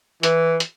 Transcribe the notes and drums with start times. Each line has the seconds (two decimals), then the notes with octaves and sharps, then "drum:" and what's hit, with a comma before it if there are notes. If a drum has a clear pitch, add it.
0.23 E3, drum: hi-hat
0.60 drum: hi-hat